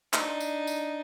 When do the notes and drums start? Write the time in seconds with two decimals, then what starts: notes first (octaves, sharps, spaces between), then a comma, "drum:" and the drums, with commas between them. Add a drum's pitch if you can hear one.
0.14 D4 D#4, drum: clap
0.40 drum: tambourine
0.67 drum: tambourine